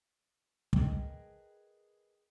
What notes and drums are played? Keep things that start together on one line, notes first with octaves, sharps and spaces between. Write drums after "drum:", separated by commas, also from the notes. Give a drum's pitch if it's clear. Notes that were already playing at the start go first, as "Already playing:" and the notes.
G#4 A#4 B4 D#5 G5 A5, drum: kick